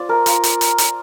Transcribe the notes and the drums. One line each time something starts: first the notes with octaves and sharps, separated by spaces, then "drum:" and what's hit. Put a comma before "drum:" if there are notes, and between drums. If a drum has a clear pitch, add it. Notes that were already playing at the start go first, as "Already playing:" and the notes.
Already playing: F4 C5 D5
A#4
F4 A#4, drum: hi-hat
drum: hi-hat
drum: hi-hat
drum: hi-hat